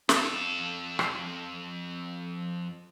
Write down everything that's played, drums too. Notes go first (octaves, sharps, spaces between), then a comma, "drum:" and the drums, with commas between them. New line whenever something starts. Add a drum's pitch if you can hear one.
F2 A4, drum: snare
drum: rim click